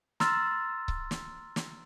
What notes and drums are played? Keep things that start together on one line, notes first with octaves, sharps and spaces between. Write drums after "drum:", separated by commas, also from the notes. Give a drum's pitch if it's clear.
A#5 C6 E6 F6 A6, drum: snare
drum: kick C#1
drum: snare
drum: snare